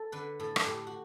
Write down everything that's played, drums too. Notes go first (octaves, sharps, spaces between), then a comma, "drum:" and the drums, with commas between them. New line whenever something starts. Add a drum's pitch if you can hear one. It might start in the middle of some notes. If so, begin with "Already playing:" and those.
Already playing: A4
D3 B4
A2 A4
drum: rim click
A2 G4
F#4